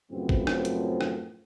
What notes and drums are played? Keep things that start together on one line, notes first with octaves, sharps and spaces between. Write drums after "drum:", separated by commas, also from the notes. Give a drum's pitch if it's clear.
F#2 A2 C#3 F3 B3 C4
drum: kick
drum: rim click
drum: hi-hat
drum: rim click